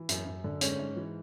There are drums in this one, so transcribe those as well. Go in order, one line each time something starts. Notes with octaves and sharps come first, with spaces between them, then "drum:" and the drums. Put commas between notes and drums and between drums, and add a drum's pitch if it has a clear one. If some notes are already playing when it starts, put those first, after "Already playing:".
Already playing: E3
F#2, drum: hi-hat
F#2
D3
G#2 C#4, drum: hi-hat
G#2
E3